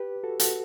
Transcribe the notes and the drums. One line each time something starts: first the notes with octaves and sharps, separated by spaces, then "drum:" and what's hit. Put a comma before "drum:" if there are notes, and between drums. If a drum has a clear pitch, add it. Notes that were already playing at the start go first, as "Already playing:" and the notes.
Already playing: G4 B4
F#4 A4
F#4 A4, drum: hi-hat